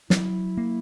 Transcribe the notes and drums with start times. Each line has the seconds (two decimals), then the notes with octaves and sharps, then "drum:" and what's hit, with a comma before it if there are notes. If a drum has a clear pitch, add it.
0.10 F#3 E4, drum: snare
0.57 A#3